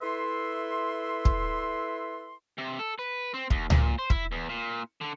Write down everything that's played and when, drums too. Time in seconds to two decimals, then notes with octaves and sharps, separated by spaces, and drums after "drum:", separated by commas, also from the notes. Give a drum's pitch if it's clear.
0.02 E4 A4 B4 E5 C6
1.25 drum: kick
2.58 C3
2.79 A4
2.99 B4
3.34 C4
3.50 D#2, drum: kick
3.70 A#2, drum: tom C#2
3.99 C5
4.10 E4, drum: kick
4.32 E2
4.49 A#2
5.01 D3